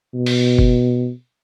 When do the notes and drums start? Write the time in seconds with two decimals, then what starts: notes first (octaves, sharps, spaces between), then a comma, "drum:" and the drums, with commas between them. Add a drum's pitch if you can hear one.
0.14 B2
0.26 drum: open hi-hat
0.58 drum: kick F#1